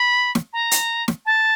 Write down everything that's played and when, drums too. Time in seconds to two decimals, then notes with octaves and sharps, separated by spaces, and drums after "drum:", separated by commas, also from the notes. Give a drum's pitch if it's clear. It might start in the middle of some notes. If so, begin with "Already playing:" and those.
Already playing: B5
0.35 drum: snare
0.53 A#5
0.71 drum: hi-hat
1.08 drum: snare
1.26 A5